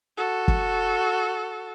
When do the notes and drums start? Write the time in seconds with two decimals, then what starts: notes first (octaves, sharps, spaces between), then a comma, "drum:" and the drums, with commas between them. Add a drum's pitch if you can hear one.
0.17 F#4 A4
0.48 drum: kick